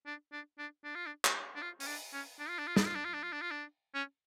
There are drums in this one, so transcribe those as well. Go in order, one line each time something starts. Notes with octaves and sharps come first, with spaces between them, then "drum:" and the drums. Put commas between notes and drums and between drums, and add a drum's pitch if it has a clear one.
D4
D4
D4
D4
F4
D4
drum: clap
D4
F4
C#4, drum: open hi-hat
D4
C#4
D4
F4
D4
F4
D4, drum: snare
F4
D4
F4
D4
F4
D4
F4
D4
C#4